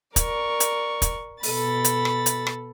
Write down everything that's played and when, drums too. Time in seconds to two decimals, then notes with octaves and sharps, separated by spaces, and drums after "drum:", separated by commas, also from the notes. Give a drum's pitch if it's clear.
0.16 A#4 D5 C#6, drum: kick, hi-hat
0.60 drum: hi-hat
1.02 drum: kick, hi-hat
1.43 B2 A4 B5 A6, drum: open hi-hat
1.84 drum: hi-hat
2.05 drum: rim click
2.26 drum: hi-hat
2.47 drum: rim click